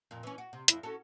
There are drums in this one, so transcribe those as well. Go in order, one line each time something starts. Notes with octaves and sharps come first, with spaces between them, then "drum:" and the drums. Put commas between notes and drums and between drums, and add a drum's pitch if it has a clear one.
F2 A#2
E3 C#4
F#4
C3
F2 E4, drum: hi-hat
C#4 F#4 A4